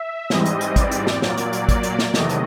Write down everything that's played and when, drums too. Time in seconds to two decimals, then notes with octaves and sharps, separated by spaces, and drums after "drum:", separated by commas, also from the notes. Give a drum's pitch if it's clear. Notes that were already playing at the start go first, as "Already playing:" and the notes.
Already playing: E5
0.30 G#2 E3 G3 C4 D#5, drum: snare
0.46 drum: hi-hat
0.61 drum: hi-hat
0.76 D5, drum: kick, hi-hat
0.91 drum: hi-hat
1.07 drum: snare
1.22 A#2 F#3 A#3 D5, drum: snare
1.37 drum: hi-hat
1.53 drum: hi-hat
1.69 D5, drum: kick, hi-hat
1.83 drum: hi-hat
1.99 drum: snare
2.14 E2 C3 D#3 F#3 A3 D#5, drum: snare
2.29 drum: hi-hat